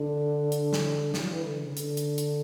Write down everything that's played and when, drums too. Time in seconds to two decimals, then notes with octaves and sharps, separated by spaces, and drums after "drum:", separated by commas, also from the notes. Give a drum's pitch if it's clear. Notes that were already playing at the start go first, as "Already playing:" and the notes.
Already playing: D3
0.52 drum: hi-hat
0.73 drum: snare
1.14 F#3, drum: snare
1.30 E3
1.45 D3
1.61 C#3
1.77 D3, drum: hi-hat
1.97 drum: hi-hat
2.18 drum: hi-hat